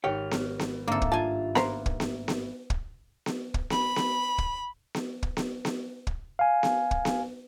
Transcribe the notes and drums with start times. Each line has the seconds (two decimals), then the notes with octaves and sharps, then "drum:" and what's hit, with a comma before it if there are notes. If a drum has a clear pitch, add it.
0.04 G#1 G4 C#5 G5 F6
0.31 drum: snare B3
0.59 drum: snare B3
0.88 G#2 D3 A#3 C4 A4 E5
1.02 drum: kick
1.12 G2 F4 G#5 A5
1.55 A#3 B3 C5 A#5 B5, drum: snare B3
1.86 drum: kick
2.00 drum: snare B3
2.28 drum: snare B3
2.70 drum: kick
3.26 drum: snare B3
3.54 drum: kick
3.70 B5, drum: snare B3
3.96 drum: snare B3
4.38 drum: kick
4.95 drum: snare B3
5.23 drum: kick
5.37 drum: snare B3
5.65 drum: snare B3
6.07 drum: kick
6.39 F5 G#5
6.63 drum: snare B3
6.91 drum: kick
7.05 drum: snare B3